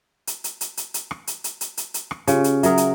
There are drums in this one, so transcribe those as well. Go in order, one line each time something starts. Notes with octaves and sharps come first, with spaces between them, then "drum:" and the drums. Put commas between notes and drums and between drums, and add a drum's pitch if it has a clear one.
drum: hi-hat
drum: hi-hat
drum: hi-hat
drum: hi-hat
drum: hi-hat
drum: rim click
drum: hi-hat
drum: hi-hat
drum: hi-hat
drum: hi-hat
drum: hi-hat
drum: rim click
C#3 F4 G4, drum: hi-hat
drum: hi-hat
F#3 A#4 E5 D#6, drum: hi-hat
drum: hi-hat